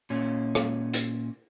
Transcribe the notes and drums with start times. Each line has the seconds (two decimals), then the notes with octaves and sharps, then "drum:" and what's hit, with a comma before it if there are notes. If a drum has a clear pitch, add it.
0.10 A#2 C#4
0.55 drum: rim click
0.93 drum: hi-hat